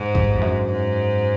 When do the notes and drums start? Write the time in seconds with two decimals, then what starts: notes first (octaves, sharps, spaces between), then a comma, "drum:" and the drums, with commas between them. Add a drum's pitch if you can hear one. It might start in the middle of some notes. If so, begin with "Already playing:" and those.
Already playing: G#2
0.15 G2, drum: kick
0.35 F2
0.41 F#2
0.68 G#2